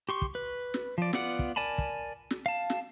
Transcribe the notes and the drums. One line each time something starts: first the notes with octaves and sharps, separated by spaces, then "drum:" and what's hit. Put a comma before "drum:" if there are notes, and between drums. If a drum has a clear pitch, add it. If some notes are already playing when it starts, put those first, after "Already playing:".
G4 C6 C#6
drum: kick
B4
drum: snare
F3 D5
B3 F4 D5 F#5, drum: snare
drum: kick
A#4 D5 G#5 A5 B5
drum: kick
drum: snare
F5 A5
drum: snare